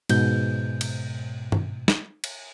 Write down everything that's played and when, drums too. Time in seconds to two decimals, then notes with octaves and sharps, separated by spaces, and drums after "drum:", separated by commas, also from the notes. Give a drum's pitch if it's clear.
0.09 G#2 B2 G6, drum: cymbal
0.81 drum: cymbal
1.52 drum: tom G2
1.88 drum: snare
2.24 drum: cymbal